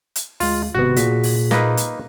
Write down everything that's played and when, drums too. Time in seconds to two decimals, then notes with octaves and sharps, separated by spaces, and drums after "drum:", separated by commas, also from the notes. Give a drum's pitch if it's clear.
0.16 drum: hi-hat
0.40 D2 G#3 F4, drum: open hi-hat
0.75 G#1 C3 B3 F#4
0.96 A#2 G#4 B6, drum: hi-hat
1.23 drum: open hi-hat
1.51 A#3 D#4 B4, drum: snare
1.77 drum: hi-hat